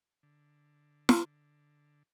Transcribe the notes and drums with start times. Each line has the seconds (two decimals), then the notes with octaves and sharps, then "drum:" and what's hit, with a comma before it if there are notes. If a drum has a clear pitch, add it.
0.23 D3
1.09 drum: snare